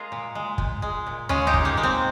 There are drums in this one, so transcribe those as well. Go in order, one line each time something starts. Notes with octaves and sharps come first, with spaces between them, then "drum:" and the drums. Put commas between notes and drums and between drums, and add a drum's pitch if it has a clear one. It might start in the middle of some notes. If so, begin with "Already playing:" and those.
Already playing: G#3 F4 G#4 A#4
A#2
G#3
A#2, drum: kick
G#3
A#2
G#3 C#4 F4, drum: tom D#2
D#4 G4
A#2, drum: kick
A#3
G#3 A#3
C4